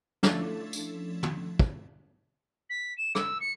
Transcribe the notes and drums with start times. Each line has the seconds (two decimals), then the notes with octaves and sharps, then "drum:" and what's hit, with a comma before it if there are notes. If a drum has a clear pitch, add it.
0.23 F3 A3 C#4 D4 E4 A4, drum: snare
0.73 drum: tambourine
1.23 drum: tom
1.59 drum: kick
2.69 B6
2.97 E7
3.15 E6, drum: rim click
3.40 C#7